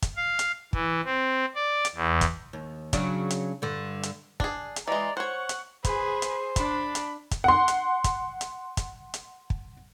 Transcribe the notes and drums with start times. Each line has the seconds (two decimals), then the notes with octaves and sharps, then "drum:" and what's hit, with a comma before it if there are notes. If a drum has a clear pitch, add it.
0.02 drum: kick, hi-hat
0.16 F5
0.39 drum: hi-hat
0.73 E3, drum: kick
1.05 C4
1.55 D5
1.85 drum: hi-hat
1.95 E2
2.21 drum: kick, hi-hat
2.53 D#2
2.93 C#3 F#3 D4, drum: kick, hi-hat
3.30 drum: hi-hat
3.62 G2 D3
4.03 drum: hi-hat
4.40 D4 G#4, drum: kick
4.76 drum: hi-hat
4.88 E3 G#3 D5 D#5 A#5 C6
5.17 C5 C#5 F#5 C#6
5.49 drum: hi-hat
5.84 G#4 B4 C5, drum: kick, hi-hat
6.22 drum: hi-hat
6.56 D4 B5, drum: kick, hi-hat
6.95 drum: hi-hat
7.31 drum: kick, hi-hat
7.44 F#5 C6
7.68 drum: hi-hat
8.04 drum: kick, hi-hat
8.41 drum: hi-hat
8.77 drum: kick, hi-hat
9.14 drum: hi-hat
9.50 drum: kick